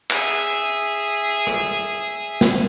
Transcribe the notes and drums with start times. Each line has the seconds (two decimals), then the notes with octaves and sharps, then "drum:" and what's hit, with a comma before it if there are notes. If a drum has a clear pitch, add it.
0.11 G#4 E5, drum: clap
1.47 drum: rim click
2.41 drum: snare